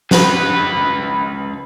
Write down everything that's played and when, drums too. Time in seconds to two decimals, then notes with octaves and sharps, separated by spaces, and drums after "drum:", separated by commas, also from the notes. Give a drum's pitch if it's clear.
0.11 C#2 B4, drum: snare